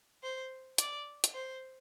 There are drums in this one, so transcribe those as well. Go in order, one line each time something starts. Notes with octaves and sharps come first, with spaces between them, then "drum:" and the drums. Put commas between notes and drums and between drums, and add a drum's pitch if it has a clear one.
C5
D5, drum: hi-hat
drum: hi-hat
C5